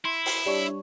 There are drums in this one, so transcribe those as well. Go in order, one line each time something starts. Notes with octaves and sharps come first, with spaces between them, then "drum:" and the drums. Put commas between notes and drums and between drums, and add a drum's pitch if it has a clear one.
E4 C6
drum: open hi-hat
G3 D4 C#5